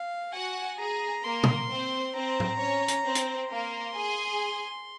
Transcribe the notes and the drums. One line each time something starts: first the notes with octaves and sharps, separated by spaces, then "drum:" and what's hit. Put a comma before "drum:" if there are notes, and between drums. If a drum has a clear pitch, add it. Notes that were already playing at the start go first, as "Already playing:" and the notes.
Already playing: F5
F#4 F#5 G#5
G#4 A#5
A#3 A#4 C6
drum: tom
C4 C5
C4 C5 A#5
drum: tom
C#4 C#5
drum: hi-hat
C4 C5
drum: hi-hat
A#3 A#4 C6
G#4 G#5